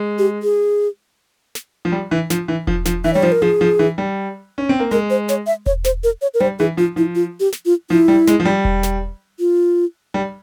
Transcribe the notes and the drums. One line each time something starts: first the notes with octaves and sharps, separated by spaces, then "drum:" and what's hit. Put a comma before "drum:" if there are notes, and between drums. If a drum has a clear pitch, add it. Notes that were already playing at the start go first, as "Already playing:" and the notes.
Already playing: G#3
G4
G#4
drum: snare
F3
G3
E3
F3, drum: snare
E3
F3, drum: kick E1
F3, drum: snare
E3 E5
G3 C#5
F3 C5
A#4
F3 G#4
F3
E3
G3
C#4
C4
A#3
G#3 A#4
C5
C#5, drum: snare
E5
C#5, drum: kick E1
C5, drum: snare
A#4
C#5
A#4
G3 C5
E3 G#4
F3 F4
F3 E4
F4
G4
drum: snare
F4
F3 E4
G3
G#3, drum: snare
F3
G3
drum: kick E1
drum: snare
F4
G3